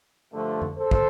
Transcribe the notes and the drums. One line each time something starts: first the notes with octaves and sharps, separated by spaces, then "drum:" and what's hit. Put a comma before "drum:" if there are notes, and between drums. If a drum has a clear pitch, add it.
G2 D3 F3 A3
drum: tom F2
A4 C5
drum: kick